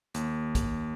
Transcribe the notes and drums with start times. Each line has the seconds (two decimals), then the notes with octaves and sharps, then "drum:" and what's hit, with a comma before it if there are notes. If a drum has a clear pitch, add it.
0.14 D#2, drum: hi-hat
0.55 drum: kick, hi-hat